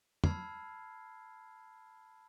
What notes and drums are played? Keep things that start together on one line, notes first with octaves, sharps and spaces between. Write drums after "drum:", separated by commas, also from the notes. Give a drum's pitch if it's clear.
A5 B5 E6 F6 G#6 C7, drum: tom